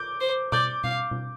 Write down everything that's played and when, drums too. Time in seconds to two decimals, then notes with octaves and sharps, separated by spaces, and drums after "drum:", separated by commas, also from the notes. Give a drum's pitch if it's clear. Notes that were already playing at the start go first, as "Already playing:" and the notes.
Already playing: D6 G6
0.20 C5
0.52 D5 D6 G6, drum: tom B2
0.84 F5, drum: tom B2
1.11 drum: tom B2